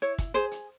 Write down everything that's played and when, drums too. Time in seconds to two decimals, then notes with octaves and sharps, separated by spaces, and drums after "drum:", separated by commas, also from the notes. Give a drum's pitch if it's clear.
0.02 E4 C#5
0.18 drum: kick, hi-hat
0.34 G#4 C5, drum: hi-hat
0.51 drum: hi-hat